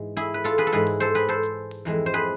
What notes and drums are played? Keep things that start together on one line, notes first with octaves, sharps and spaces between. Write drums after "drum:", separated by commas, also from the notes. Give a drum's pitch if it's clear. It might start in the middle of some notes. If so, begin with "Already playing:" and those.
Already playing: G#2 E3 G#3
E4 G#4
B4
F4 A4
G#4 B4, drum: hi-hat
A4
G#2 E3 G#3 G#4 B4
drum: open hi-hat
A4 C5
G#4 B4, drum: hi-hat
A4 C5
drum: hi-hat
drum: open hi-hat
F2 E3 G#3
C5
G#4 B4